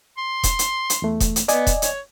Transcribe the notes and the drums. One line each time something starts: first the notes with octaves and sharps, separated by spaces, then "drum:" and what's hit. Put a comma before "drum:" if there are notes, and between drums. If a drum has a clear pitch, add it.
C6
drum: kick E1, hi-hat
drum: hi-hat
drum: hi-hat
E2 A3
drum: kick E1, hi-hat
drum: hi-hat
B3 D5 D#5 G#5, drum: hi-hat
drum: kick E1, hi-hat
C#5, drum: hi-hat